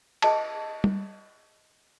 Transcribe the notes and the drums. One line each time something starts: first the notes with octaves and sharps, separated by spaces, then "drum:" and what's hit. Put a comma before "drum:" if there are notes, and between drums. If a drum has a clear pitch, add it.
G#4 D#5 E5 A5, drum: cymbal
drum: tom G3